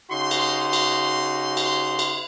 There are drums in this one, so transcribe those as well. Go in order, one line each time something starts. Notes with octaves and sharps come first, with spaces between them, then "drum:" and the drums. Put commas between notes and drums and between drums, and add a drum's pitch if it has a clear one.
C#3 D#4 F#4 C6
drum: cymbal
drum: cymbal
drum: cymbal
drum: cymbal